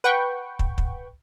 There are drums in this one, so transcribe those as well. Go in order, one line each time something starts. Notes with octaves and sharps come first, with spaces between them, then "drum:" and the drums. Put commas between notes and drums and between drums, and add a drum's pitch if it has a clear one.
B4 F#5 G5 C#6
drum: kick
drum: kick